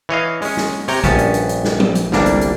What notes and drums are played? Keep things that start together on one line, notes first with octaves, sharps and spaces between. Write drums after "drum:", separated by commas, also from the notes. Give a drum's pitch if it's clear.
E3 C#5 D#5 F5
G#3 C#4, drum: open hi-hat
drum: snare
C3 C#5 G5 A#5, drum: open hi-hat
A#1 G2 B3 C#4 A5, drum: kick A#1, hi-hat
drum: hi-hat
drum: hi-hat
drum: hi-hat
drum: snare
drum: tom F3
drum: hi-hat
G1 C2 G3 A#3 D4, drum: snare
drum: hi-hat
drum: hi-hat